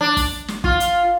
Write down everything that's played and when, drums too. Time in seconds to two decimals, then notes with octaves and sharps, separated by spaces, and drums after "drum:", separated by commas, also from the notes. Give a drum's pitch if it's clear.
0.01 D4
0.17 drum: kick, open hi-hat
0.48 drum: snare
0.64 F4, drum: kick
0.80 drum: hi-hat